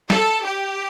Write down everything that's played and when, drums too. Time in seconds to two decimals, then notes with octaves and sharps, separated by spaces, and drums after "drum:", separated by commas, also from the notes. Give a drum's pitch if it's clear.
0.10 A4, drum: snare
0.44 G4